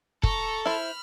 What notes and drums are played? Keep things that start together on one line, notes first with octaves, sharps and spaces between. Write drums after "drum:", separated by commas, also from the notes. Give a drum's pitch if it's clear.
A4 A#5 C#6, drum: kick
E4 C5 B5 F6